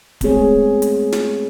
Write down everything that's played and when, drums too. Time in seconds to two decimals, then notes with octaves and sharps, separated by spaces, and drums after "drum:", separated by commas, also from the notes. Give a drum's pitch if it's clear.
0.21 G#3 A3 B3 C4 G#4 C#5, drum: kick D1, hi-hat
0.82 drum: hi-hat
1.12 drum: snare